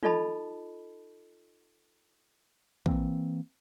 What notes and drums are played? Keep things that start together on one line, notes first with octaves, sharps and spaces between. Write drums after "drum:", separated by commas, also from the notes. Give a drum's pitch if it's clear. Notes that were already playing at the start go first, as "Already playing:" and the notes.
D#4 F4 A4 D#5 A5 B5, drum: tom
E3 A#3 C4, drum: kick